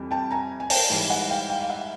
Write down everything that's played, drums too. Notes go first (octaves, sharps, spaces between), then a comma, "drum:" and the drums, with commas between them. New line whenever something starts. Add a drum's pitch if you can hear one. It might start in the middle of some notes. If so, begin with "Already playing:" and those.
Already playing: F2 E3 G3
G5 A5
G#5 A#5
G#5
G5 A5, drum: open hi-hat
G#2 E3 G3
F#5 G#5
F5 G5
F5 G5
F5
E5 F#5